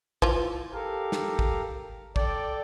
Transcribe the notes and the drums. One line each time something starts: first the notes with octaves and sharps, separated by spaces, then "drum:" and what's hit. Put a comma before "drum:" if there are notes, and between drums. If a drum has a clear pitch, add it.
E3 F3 F4, drum: kick
G4 A4 A#4 F5
drum: snare
drum: kick
A4 D5 G5, drum: kick